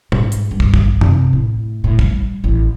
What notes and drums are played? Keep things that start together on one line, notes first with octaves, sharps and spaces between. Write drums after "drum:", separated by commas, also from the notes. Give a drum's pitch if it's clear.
G#2, drum: tom
drum: hi-hat
G2
drum: kick
drum: kick
C3, drum: tom
A2
A2
G3, drum: kick
A1